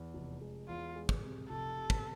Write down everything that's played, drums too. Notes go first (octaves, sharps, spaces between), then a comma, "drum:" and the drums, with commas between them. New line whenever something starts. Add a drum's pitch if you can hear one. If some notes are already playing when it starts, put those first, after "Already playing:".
Already playing: E2
F1
G#3
E2 F4
G#3
drum: kick
C3
F1 A4
C3
drum: kick